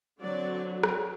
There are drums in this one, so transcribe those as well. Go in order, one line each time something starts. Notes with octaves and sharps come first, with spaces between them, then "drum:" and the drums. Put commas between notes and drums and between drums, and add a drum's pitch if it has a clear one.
D3 F#3 C4 D5
F#3, drum: rim click